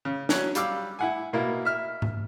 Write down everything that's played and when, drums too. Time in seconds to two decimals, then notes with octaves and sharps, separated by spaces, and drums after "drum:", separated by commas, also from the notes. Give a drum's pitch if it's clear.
0.05 C#3
0.29 F#3 C#4, drum: snare
0.55 G3 F5 D6 E6, drum: hi-hat
0.99 E4 F#5 G#5
1.33 B2 A#3 E4
1.65 E5 F6
2.02 drum: tom G#2